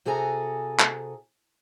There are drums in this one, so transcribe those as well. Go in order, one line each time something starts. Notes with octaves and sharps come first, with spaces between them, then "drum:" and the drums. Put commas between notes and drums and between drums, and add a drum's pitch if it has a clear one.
C3 F#4 G#4 A4 G#5 A#5
drum: clap